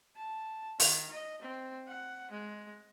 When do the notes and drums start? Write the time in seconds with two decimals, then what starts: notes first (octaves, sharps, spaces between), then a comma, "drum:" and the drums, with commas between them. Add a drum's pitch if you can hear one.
0.16 A5
0.80 D#3, drum: open hi-hat
1.11 D#5
1.42 C4
1.88 F#5
2.31 G#3